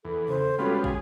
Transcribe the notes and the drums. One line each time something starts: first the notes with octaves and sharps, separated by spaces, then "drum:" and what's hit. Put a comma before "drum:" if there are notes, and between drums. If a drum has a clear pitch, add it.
E2 A4
C#3 C5
G3 G#3 B3 C#4 F4 F#4 C#5
G#4, drum: kick